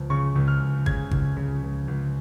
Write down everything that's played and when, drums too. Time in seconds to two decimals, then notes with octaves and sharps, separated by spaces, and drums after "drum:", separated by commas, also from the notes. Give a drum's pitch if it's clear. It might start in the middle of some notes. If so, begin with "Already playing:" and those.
Already playing: C#2 F3
0.10 C#3 C#6
0.36 C#2
0.48 F6
0.61 C#2
0.86 C#3 G#6, drum: kick G#1
1.11 C#2, drum: kick G#1
1.37 C#3
1.62 C#2
1.88 C#2